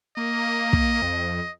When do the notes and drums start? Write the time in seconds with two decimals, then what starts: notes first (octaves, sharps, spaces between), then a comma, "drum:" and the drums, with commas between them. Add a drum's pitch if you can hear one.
0.17 A#3 D#5
0.73 drum: kick
1.02 F2